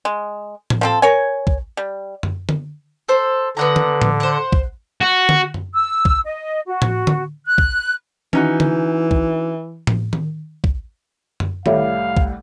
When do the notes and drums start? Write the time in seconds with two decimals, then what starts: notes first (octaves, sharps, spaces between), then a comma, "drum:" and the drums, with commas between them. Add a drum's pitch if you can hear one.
0.05 G#3
0.70 drum: tom A2
0.81 F3 C4 A4
1.02 A#4 C#5 G#5
1.47 drum: kick
1.77 G3
2.23 drum: tom F#2
2.49 drum: tom D3
3.08 A4 C5
3.57 D3 B3 F#5 A#5
3.76 drum: tom D3
4.01 drum: tom A2
4.20 C5 F#5
4.52 drum: kick
5.01 F#4
5.29 drum: tom D3
5.54 drum: tom F#2
5.73 E6
6.05 drum: kick
6.25 D#5
6.67 F#4
6.82 drum: tom A2
7.07 drum: tom D3
7.46 F#6
7.58 drum: kick
8.33 E3 C#4 D#4 F#4, drum: tom D#3
8.60 drum: tom D3
9.11 drum: kick
9.87 drum: tom A2
10.13 drum: tom D#3
10.64 drum: kick
11.40 drum: tom F#2
11.66 C2 A2 G3 A4 C#5 E5 F5, drum: tom D#3
12.17 drum: kick